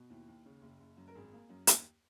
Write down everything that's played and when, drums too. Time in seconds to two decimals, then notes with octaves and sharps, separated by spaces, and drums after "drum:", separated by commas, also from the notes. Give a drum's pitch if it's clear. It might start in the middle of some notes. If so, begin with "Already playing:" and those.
Already playing: B2
0.10 D#2 E4
0.27 D#2
0.45 C#3
0.62 F#1
0.80 F#1
0.97 F#2
1.08 A#4
1.15 G#1 G#4
1.33 A#3
1.49 F#2
1.67 D#2, drum: hi-hat